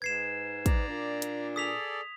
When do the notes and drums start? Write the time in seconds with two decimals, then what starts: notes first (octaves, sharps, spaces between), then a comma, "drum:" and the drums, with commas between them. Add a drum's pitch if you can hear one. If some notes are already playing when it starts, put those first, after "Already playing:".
0.02 G#2 B4 G#6 C7 E7
0.66 D5 A#5, drum: kick, hi-hat
0.88 A#2 D4
1.22 drum: hi-hat
1.56 G#4 A4 D5 D#6 B6 F7